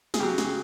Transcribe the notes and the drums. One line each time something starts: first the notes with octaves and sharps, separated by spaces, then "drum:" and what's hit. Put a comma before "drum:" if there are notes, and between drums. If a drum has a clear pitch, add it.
G#4, drum: snare
C#3 F#3 G4
G#4, drum: snare